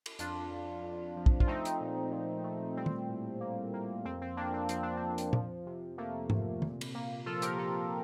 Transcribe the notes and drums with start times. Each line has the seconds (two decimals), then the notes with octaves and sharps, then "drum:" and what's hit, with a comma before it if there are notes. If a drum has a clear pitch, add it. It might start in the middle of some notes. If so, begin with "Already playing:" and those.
0.06 drum: cymbal
0.19 F2 D4 F4, drum: hi-hat
0.51 F2
0.83 F2
1.16 F3
1.26 drum: kick
1.40 F4, drum: kick
1.47 A3 C4 D#4
1.65 drum: hi-hat
1.81 A#2
2.12 A#2
2.44 A3
2.77 G3 C4
2.86 drum: tom
3.09 A2
3.41 A#3
3.73 A#3
4.05 F2 C4
4.22 C4
4.37 F2 A#3 D4
4.54 C4
4.69 F3 C4, drum: hi-hat
4.83 D4
4.97 F2 C4
5.18 drum: hi-hat
5.33 F3, drum: tom A#2
5.66 C3
5.98 A3 A#3
6.30 C3, drum: tom G#2
6.62 A#2, drum: tom
6.81 drum: cymbal
6.95 A#3
7.26 F3 F4 A4
7.42 G4 A#4, drum: hi-hat
7.58 A#3 F4 A4